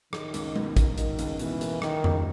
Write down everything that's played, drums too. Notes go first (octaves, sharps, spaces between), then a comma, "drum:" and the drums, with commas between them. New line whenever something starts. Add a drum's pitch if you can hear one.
D#3 D#4, drum: rim click
C#2, drum: hi-hat
B2, drum: tom G#3
A#3, drum: kick A1, hi-hat
D#3 D#4, drum: hi-hat
C#2, drum: hi-hat
B2 E3, drum: hi-hat
A#3, drum: hi-hat
D#3 D#4, drum: rim click
C#2, drum: tom F2